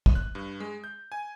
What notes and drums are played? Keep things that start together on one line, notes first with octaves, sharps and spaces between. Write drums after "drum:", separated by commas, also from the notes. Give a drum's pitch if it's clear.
drum: kick
F#6
G2
G#3
G6
G#5